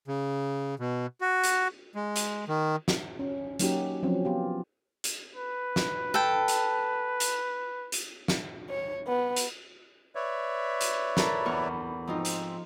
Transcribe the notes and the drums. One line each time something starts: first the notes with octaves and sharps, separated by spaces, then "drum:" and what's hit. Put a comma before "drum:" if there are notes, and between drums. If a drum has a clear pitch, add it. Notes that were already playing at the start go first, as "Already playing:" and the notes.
C#3
B2
F#4
drum: hi-hat
G#3
drum: hi-hat
D#3
drum: snare
C#4
F#3 A#3 C#4 D#4 F#4 G4, drum: hi-hat
F3 F#3 C4 C#4
B3 F4 G4
drum: hi-hat
B4
drum: snare
A4 G5
drum: hi-hat
drum: hi-hat
drum: hi-hat
drum: snare
C#5
B3
drum: hi-hat
B4 C#5 D5 E5
drum: hi-hat
A4 A#4 B5, drum: snare
E2 C#6 F6
G#2 F3 C4 D#4 F4
drum: hi-hat